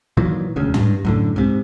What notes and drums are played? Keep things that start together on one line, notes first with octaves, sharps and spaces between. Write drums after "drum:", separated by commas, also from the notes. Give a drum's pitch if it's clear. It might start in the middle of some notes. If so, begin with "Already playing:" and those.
A#2 D#3 E3 F#3
E1 D2 C#3
G2, drum: tom
F#2 A2 D3, drum: kick
G#2 C3, drum: kick